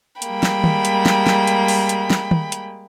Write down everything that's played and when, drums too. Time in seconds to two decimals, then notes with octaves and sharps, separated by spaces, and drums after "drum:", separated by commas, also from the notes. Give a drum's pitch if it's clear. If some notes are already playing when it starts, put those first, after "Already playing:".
0.22 G3 G#3 A#3 G5 B5, drum: hi-hat
0.43 drum: snare
0.64 drum: tom
0.85 drum: hi-hat
1.06 drum: snare
1.27 drum: snare
1.47 drum: hi-hat
1.68 drum: open hi-hat
1.89 drum: hi-hat
2.10 drum: snare
2.31 drum: tom
2.52 drum: hi-hat